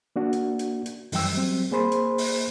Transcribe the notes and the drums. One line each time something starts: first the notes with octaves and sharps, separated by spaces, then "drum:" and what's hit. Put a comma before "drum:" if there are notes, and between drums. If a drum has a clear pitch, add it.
A#3 D4 F#4
drum: hi-hat
drum: hi-hat
drum: hi-hat
F#2 E3 G3 G5 E6, drum: open hi-hat
F#3 G3 C4
A#3 G#4 C5 B5 C6
drum: hi-hat
drum: open hi-hat